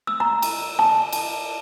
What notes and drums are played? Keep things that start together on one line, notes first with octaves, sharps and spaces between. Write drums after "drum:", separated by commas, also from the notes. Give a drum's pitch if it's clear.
E6
A#5
drum: cymbal
A5
drum: cymbal